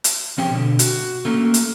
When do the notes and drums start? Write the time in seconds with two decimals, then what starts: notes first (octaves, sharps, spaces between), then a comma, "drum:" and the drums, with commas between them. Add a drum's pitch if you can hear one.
0.04 drum: hi-hat
0.38 F3 C4 C#4 G4 G#4 C#5
0.51 B2 D3
0.79 F#4, drum: hi-hat
1.25 A3 A#3 C#4
1.54 drum: hi-hat